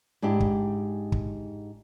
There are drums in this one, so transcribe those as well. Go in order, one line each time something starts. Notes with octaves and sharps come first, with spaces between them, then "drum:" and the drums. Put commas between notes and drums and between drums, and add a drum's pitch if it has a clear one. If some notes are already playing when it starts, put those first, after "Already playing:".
G#2 D4 E4 G4
drum: kick
drum: kick